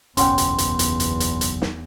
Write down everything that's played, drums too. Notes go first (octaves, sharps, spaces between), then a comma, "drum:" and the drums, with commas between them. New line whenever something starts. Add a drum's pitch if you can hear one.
F#1 B1 E2 C#4 F#5 G5 C6, drum: hi-hat
drum: hi-hat
drum: hi-hat
drum: hi-hat
drum: hi-hat
drum: hi-hat
drum: hi-hat
drum: snare